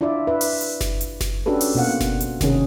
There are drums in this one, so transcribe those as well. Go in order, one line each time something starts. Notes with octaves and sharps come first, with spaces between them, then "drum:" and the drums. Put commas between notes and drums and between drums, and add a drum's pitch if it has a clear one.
D4 E4 F4 D5 E5
B4 E5
drum: open hi-hat
drum: hi-hat
drum: snare F#1
drum: hi-hat
drum: snare F#1
C#4 D4 F#4 G4 A4 B4
drum: open hi-hat
B2 A#3 F4 F5 F#5
drum: snare F#1
drum: hi-hat
C3 D#3 C#4 G#4, drum: snare F#1